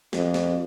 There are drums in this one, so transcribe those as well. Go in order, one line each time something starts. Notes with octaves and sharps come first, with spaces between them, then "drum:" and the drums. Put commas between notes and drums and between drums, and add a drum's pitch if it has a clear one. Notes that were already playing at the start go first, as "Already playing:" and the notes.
F2, drum: snare
drum: snare